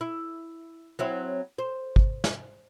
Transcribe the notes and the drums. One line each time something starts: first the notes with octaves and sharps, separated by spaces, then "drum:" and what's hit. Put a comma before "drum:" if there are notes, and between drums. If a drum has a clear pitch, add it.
E4
F#3 C4 E4
C5
drum: kick
drum: snare